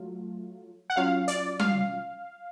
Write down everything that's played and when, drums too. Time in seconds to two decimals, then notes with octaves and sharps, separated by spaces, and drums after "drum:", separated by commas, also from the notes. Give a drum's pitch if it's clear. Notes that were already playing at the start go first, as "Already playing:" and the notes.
Already playing: F#3 A3 F4
0.90 F#5
0.96 F#3 C#4 F4 F5
1.28 D5, drum: hi-hat
1.59 F5, drum: tom G3